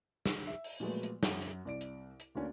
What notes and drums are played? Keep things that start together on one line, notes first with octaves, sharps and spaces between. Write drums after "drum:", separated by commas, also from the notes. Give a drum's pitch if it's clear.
drum: snare
E5
drum: open hi-hat
A#2 F3 F#3 G#3 A3 B3
drum: hi-hat
F#2 F#5, drum: snare
drum: hi-hat
C2 D5 D7
drum: hi-hat
drum: hi-hat
D2 A#3 C#4 D4